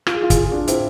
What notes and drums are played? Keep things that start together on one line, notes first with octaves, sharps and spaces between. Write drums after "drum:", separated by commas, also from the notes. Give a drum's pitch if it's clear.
F4, drum: rim click
G#4
F4
G#4, drum: kick, hi-hat
F4
G#4
D4 F4
C4 E4, drum: hi-hat